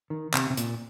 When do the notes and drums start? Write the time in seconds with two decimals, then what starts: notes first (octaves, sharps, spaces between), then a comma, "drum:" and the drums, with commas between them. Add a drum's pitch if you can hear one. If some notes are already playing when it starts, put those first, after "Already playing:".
0.10 D#3
0.34 C3, drum: clap
0.50 C3
0.57 A#2, drum: hi-hat